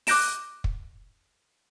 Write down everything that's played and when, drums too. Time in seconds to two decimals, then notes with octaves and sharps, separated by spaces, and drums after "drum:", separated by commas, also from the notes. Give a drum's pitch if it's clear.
0.07 D6 F#6 G6 A#6 D7 E7, drum: open hi-hat
0.64 drum: kick